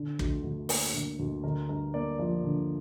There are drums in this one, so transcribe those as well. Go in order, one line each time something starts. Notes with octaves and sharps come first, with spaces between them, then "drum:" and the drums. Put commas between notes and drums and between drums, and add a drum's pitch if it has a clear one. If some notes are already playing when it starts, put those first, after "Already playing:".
Already playing: D3
D2, drum: kick
D2
A#3, drum: open hi-hat
D3
D2
D3 A#4
G2 A#4
A#3 D5
F3 D5
D3